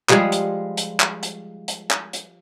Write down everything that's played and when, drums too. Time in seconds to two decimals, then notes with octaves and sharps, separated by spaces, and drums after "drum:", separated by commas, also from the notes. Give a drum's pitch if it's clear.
0.09 F3 G3 G#3 G#4, drum: clap
0.32 drum: hi-hat
0.77 drum: hi-hat
1.00 drum: clap
1.23 drum: hi-hat
1.68 drum: hi-hat
1.91 drum: clap
2.13 drum: hi-hat